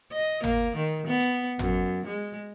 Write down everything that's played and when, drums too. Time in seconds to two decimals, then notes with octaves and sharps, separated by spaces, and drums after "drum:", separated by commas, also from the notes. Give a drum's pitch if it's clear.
0.12 D#5
0.44 A#3, drum: tom G#1
0.76 D#3
1.07 B3
1.20 drum: hi-hat
1.59 F#2, drum: tom G#1
2.06 G#3